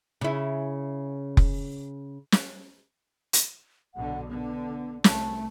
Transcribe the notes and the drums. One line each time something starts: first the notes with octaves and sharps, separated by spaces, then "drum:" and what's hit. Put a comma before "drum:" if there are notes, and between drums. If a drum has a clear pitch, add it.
C#3 E4
drum: kick F1
drum: snare
drum: hi-hat
B1 B2 D3 F#5
D3 B3
C2 A3 A5, drum: snare